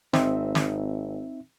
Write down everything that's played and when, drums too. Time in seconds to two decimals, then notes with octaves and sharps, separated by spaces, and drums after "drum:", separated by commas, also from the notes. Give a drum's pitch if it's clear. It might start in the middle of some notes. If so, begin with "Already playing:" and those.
0.13 G#1 C4 D#4 E5, drum: snare
0.55 drum: snare